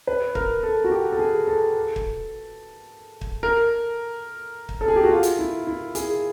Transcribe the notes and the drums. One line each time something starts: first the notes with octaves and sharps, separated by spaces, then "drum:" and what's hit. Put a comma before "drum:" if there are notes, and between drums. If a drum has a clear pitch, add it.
B4
A#4, drum: kick
A4
F#4
G4
A4
G#4
A4
drum: kick
drum: kick
A#4
drum: kick
A4
G#4
G4
F#4
F4
drum: hi-hat
E4
E4
G#4, drum: hi-hat